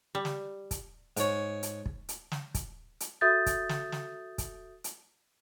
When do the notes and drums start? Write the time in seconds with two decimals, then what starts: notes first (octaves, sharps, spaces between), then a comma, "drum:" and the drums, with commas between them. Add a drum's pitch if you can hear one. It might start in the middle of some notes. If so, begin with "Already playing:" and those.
0.15 G3
0.25 drum: snare
0.71 drum: kick, hi-hat
1.17 G#2 C#5, drum: hi-hat
1.63 drum: hi-hat
1.86 drum: kick
2.09 drum: hi-hat
2.32 drum: snare
2.55 drum: kick, hi-hat
3.00 drum: hi-hat
3.21 F#4 A4 E5 D#6 G6 A6
3.46 drum: kick, hi-hat
3.69 drum: snare
3.92 drum: snare
4.38 drum: kick, hi-hat
4.84 drum: hi-hat